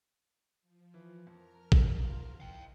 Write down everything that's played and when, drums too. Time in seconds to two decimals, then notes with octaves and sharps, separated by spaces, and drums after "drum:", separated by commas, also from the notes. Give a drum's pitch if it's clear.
0.62 F3
0.94 E3
1.27 F2 A#4 A#5 F6
1.72 drum: kick A1
2.01 G#1 F4
2.40 E4 D#5 F5 G5